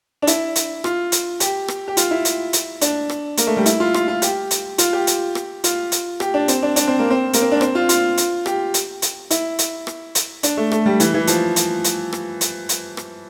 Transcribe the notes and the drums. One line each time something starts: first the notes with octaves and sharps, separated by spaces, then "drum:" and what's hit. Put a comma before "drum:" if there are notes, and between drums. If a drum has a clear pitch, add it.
D4
E4, drum: hi-hat
drum: hi-hat
F4, drum: rim click
drum: hi-hat
G4, drum: hi-hat
drum: rim click
G4
F4, drum: hi-hat
E4
drum: hi-hat
drum: hi-hat
D4, drum: hi-hat
drum: rim click
A#3, drum: hi-hat
A3
G3
E4, drum: hi-hat
F4
F4, drum: rim click
F4
G4, drum: hi-hat
drum: hi-hat
F4, drum: hi-hat
G4
drum: hi-hat
drum: rim click
F4, drum: hi-hat
drum: hi-hat
G4, drum: rim click
D4
C4, drum: hi-hat
D4
D4, drum: hi-hat
C4
A#3
C4
A#3, drum: hi-hat
C4
D4
C4, drum: rim click
F4
F4, drum: hi-hat
drum: hi-hat
G4, drum: rim click
drum: hi-hat
drum: hi-hat
E4, drum: hi-hat
drum: hi-hat
drum: rim click
drum: hi-hat
D4, drum: hi-hat
A3
A3, drum: rim click
G3
E3, drum: hi-hat
E3
F3, drum: hi-hat
drum: hi-hat
drum: hi-hat
drum: rim click
drum: hi-hat
drum: hi-hat
drum: rim click